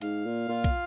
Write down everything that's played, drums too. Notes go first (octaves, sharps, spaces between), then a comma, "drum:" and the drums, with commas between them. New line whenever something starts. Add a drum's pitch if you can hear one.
G#2 F5, drum: hi-hat
A#2
A#2 F4
drum: kick, hi-hat